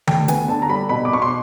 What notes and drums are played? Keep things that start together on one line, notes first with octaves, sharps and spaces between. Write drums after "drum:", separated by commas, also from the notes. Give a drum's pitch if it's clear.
D2 G5, drum: tom D#3
B3 G#5, drum: hi-hat
D3 A5
A#5
G3 B5
B2 B5
D6
B2 C#6
C6